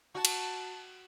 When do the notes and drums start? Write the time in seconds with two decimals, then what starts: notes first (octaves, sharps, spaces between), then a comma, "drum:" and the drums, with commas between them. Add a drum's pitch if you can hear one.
0.15 F#4 A5
0.25 drum: cymbal